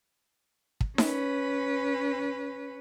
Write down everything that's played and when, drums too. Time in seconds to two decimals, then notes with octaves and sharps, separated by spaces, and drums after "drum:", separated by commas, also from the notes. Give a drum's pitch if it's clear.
0.81 drum: kick
0.98 C#4 B4, drum: snare D#4